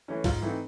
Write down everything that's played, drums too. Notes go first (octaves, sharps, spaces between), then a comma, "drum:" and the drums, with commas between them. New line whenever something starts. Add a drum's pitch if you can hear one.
E3 A3 C#4
G#2 F4, drum: kick B1, open hi-hat
E3 A3 C4 D#4